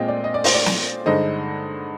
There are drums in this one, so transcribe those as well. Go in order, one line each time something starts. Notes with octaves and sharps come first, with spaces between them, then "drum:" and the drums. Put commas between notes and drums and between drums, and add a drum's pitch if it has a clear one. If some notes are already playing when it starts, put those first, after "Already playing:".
Already playing: A#2 G#3 C4 F4 D#5 G5 G#5
D5
D#5
D5
C5, drum: open hi-hat
D5
drum: snare
G2 D3 G#3 D#4 C5 D#5